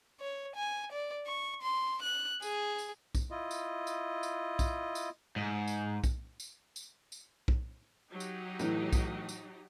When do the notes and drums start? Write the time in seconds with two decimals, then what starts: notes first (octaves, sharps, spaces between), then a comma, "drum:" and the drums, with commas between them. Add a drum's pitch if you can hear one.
0.20 C#5
0.56 G#5
0.92 D5
1.26 C#6
1.62 C6
2.02 F#6
2.42 G#4, drum: tambourine
2.78 drum: tambourine
3.15 drum: kick B1, tambourine
3.31 E4 F4 D#5
3.51 drum: tambourine
3.87 drum: tambourine
4.23 drum: tambourine
4.59 drum: kick B1, tambourine
4.95 drum: tambourine
5.36 G#2
5.67 drum: tambourine
6.04 drum: kick B1, tambourine
6.40 drum: tambourine
6.76 drum: tambourine
7.12 drum: tambourine
7.48 drum: kick B1
8.11 F#3 D#4 G4
8.20 drum: tambourine
8.59 A2 E3, drum: tambourine
8.93 drum: kick B1, tambourine
9.29 drum: tambourine